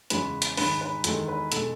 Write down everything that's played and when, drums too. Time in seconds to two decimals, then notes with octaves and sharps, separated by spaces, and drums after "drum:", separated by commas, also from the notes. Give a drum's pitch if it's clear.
0.10 E2 C#3 E3 G#3 B4, drum: hi-hat
0.42 drum: hi-hat
0.57 G#2 D#3 G#3 B4, drum: open hi-hat
0.81 B4
1.04 E2 D#3 G#3 A4, drum: hi-hat
1.28 B4
1.52 B2 G#3 A4, drum: hi-hat